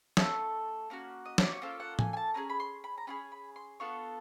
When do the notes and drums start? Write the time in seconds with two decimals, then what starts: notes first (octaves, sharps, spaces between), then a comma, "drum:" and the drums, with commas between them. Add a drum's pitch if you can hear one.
0.17 A3 C#4 F4 A4, drum: snare
0.90 A#3 C#4 F#4
1.25 D#5
1.38 D5, drum: snare
1.51 C#5
1.62 A#3 C#4 F4 A4 C5
1.80 F#5
1.99 G#5, drum: tom A2
2.13 G#5
2.17 A5
2.34 C#4 F4 G#4 A#5
2.50 B5
2.60 C6
2.84 B5
2.98 A#5
3.07 C#4 F4 G#4 B5
3.32 B5
3.56 C6
3.80 B3 D4 F4 A4 C#6